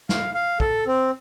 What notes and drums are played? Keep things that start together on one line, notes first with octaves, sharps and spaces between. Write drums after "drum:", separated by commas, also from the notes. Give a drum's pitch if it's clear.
F5, drum: snare
F5
A4, drum: kick
C4